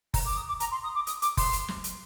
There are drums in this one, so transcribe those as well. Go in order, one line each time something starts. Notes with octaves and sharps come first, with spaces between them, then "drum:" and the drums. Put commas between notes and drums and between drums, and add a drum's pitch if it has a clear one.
A#5, drum: kick F#1, open hi-hat
D6
D#6
D6
A#5, drum: hi-hat
C6
D#6
D6
D#6, drum: hi-hat
D6, drum: hi-hat
C6, drum: kick F#1, open hi-hat
drum: hi-hat
drum: snare
drum: hi-hat